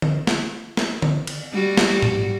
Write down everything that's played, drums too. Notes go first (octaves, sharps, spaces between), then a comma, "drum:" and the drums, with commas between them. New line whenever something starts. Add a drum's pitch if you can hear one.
drum: tom D3
drum: snare
drum: snare
drum: tom D3
drum: cymbal
G3 F#4
drum: snare
drum: tom G#2